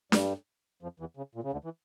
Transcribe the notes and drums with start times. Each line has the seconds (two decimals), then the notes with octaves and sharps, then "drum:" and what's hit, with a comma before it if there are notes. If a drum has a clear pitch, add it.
0.12 G2 G3, drum: snare D4
0.83 F2 F3
1.00 E2 E3
1.17 C#3
1.35 A#2
1.43 C#3
1.52 D2 D3
1.64 E3